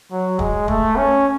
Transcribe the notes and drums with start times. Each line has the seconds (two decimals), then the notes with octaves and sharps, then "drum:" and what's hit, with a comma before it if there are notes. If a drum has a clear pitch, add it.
0.11 F#3
0.39 G#3, drum: kick
0.68 A3, drum: kick
0.96 C#4